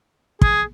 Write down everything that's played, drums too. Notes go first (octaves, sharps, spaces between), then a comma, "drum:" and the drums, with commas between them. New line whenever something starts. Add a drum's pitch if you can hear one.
G#4, drum: kick